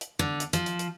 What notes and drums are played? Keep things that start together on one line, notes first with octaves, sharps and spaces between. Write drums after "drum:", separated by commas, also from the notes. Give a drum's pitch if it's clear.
drum: hi-hat
D3
drum: hi-hat
F3, drum: hi-hat
drum: hi-hat
drum: hi-hat